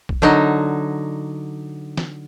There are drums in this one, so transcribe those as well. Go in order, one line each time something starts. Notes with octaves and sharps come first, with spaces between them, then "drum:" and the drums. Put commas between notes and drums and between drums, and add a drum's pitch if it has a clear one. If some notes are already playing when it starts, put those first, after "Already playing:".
drum: kick A#1
D3 F#3 D#4
drum: snare